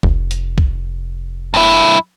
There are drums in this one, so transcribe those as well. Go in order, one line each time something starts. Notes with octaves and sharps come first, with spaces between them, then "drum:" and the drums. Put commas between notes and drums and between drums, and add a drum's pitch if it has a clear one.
F1, drum: kick C2
drum: hi-hat
drum: kick C2
G2 E4